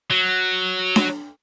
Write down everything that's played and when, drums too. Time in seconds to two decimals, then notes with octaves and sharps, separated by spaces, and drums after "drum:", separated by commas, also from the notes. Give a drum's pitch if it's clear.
0.11 F#3
0.96 drum: snare D4